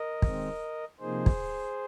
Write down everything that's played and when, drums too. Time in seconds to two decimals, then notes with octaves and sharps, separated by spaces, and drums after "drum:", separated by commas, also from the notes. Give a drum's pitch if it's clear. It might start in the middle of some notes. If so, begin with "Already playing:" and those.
Already playing: A#4 D#5
0.22 D#3 G#3 C4, drum: kick
0.99 C3 F3 A#3 D#4 G#4 C5
1.26 drum: kick